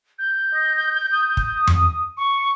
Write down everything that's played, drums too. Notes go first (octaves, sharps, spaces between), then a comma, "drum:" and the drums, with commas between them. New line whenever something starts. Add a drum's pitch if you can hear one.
G6
D#5
D#6
drum: kick
drum: tom F2
C#6